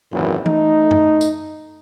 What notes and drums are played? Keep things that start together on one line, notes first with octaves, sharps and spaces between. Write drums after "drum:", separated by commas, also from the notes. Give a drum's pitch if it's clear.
G#1 F#2 A#2 E3
A3 D#4, drum: tom E3
drum: tom F#2
drum: tambourine